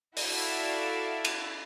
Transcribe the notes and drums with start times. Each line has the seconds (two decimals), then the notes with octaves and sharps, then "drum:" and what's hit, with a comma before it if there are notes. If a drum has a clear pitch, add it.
0.17 E4 F#4 A4 D5 E5 F5, drum: open hi-hat
1.25 drum: cymbal